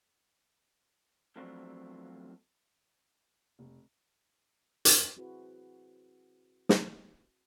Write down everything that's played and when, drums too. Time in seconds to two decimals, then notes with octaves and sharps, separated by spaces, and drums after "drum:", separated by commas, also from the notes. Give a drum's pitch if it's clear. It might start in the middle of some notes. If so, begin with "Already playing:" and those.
1.36 E2 F3 F#3 A3 C4 D4
3.59 F1
4.85 drum: hi-hat
5.17 C4 E4 F#4 G#4 B4 C5
6.69 drum: snare